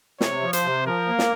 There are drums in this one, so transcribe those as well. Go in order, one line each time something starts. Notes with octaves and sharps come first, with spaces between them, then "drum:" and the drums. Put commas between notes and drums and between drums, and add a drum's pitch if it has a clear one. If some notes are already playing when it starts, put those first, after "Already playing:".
C3 C#5, drum: snare
F3
C5, drum: hi-hat
C3
F3 A#4
A#3
drum: snare